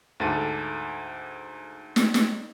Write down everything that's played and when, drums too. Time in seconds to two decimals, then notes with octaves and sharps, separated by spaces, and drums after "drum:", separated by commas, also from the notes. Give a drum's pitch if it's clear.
0.20 D2 G#2 A4 A6 D#7
1.96 drum: snare
2.14 drum: snare